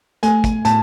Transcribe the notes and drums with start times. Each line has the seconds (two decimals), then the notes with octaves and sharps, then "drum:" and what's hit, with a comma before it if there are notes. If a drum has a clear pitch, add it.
0.23 A3 G#5, drum: hi-hat
0.44 drum: kick, hi-hat
0.65 A2 A5, drum: hi-hat